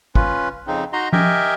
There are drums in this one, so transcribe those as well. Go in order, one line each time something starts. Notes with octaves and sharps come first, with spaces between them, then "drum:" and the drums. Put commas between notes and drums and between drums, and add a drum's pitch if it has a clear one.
C#4 F4 B4, drum: kick
F2 C#3 C4 D#4
D#4 F#4 D#5 A#5 C6
G4 A#4 D#5 E5 G5 G#5, drum: tom F3